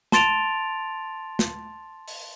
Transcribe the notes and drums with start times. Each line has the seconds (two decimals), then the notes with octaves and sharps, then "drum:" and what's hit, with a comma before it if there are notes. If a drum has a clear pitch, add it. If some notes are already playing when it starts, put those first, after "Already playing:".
0.12 A5 C6 A6 D7 F7, drum: snare
1.39 drum: snare
2.08 drum: open hi-hat